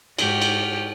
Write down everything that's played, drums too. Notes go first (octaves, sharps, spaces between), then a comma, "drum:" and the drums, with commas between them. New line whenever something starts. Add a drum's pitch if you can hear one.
G#2 F#4 G4 G5 F6, drum: cymbal
drum: cymbal